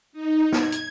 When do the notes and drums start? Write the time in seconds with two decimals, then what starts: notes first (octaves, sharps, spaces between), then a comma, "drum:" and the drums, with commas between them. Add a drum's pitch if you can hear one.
0.13 D#4
0.52 G#6, drum: snare
0.72 drum: hi-hat